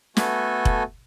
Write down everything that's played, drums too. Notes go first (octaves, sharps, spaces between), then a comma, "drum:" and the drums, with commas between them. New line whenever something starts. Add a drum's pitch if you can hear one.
A3 B3 F#4 A4 G#5, drum: snare
drum: kick F1